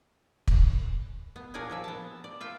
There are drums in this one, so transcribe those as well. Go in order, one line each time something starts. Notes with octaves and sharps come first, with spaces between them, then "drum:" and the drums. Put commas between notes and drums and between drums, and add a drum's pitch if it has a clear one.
drum: kick
B3
A#2 D4 G#4 A#4 C#5 G#5
A#2 F3 E5
B3 A5
D5
F4 E5 G5